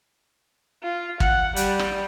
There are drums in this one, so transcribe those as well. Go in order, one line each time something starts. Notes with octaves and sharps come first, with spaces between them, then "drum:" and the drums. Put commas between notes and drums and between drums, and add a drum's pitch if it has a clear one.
F4
F#5, drum: kick
G3, drum: hi-hat
drum: rim click